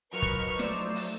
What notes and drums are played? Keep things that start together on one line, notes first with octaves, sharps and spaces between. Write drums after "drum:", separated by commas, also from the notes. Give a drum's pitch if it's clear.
F3 F#3 D#4 A#4 B4 C#6 F6
drum: kick, hi-hat
A3 C5 D5 D6 E6, drum: snare
drum: open hi-hat